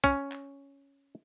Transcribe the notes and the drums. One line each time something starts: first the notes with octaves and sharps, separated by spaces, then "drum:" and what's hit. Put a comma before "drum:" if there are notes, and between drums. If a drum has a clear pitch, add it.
C#4, drum: kick
drum: clap